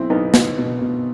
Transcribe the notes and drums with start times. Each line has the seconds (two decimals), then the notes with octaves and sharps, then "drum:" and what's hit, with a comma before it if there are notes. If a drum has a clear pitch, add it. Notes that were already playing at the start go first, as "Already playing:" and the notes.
Already playing: B1 C4 E4
0.10 B1 B3 D#4
0.34 B1, drum: snare
0.58 B2
0.81 B2